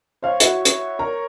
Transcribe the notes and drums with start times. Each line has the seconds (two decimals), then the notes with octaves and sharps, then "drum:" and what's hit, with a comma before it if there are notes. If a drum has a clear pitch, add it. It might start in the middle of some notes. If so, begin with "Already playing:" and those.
0.23 C5 C#5 F5
0.40 E4 F#4, drum: hi-hat
0.65 drum: hi-hat
0.99 A#4 A#5